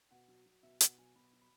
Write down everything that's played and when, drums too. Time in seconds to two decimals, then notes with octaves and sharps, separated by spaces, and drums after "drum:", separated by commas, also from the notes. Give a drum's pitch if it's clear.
0.11 B2 F#5
0.28 F#3
0.46 F#3
0.63 B2 E5
0.81 B2 F#5, drum: hi-hat
0.98 F#3 G#5
1.15 B2 B5
1.33 F#3
1.41 B5